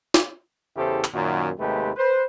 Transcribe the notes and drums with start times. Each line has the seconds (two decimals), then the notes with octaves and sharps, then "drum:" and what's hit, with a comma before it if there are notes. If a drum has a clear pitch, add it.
0.14 drum: snare
0.76 E2 C#3 E4 G4 A4 C5
1.04 drum: clap
1.14 F#2 A#2 D#3
1.59 D#2 C3 G#3 A3 G4 B4
1.96 B4 C5